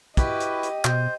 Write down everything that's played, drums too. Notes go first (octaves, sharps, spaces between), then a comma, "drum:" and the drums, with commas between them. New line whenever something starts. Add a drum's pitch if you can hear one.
E4 F#4 G4 B4 D#5, drum: kick, hi-hat
drum: hi-hat
drum: hi-hat
B2 C5, drum: clap